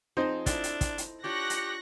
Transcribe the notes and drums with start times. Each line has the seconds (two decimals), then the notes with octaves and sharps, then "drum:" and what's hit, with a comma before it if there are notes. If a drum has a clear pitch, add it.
0.17 F3 C4 D#4 G#4 C5
0.46 D4 E4 A4, drum: kick, hi-hat
0.64 drum: hi-hat
0.81 drum: kick, hi-hat
0.98 drum: hi-hat
1.24 D4 F4 G4 C#5 C#6 F#6 A#6
1.50 drum: hi-hat